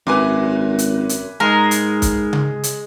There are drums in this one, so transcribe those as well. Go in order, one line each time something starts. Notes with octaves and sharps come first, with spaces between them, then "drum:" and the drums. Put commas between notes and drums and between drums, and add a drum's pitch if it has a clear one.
G#1 F#2 B4 G#5 D6
drum: hi-hat
drum: hi-hat
G#2 G#3 A#4
drum: hi-hat
drum: kick, hi-hat
drum: tom C#3
drum: hi-hat